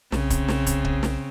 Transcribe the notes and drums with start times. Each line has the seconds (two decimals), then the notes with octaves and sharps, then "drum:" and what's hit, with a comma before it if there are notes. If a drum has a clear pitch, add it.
0.12 B1 C#3 C4, drum: snare
0.30 drum: kick, hi-hat
0.48 drum: snare
0.66 drum: kick, hi-hat
0.85 drum: kick
1.03 drum: snare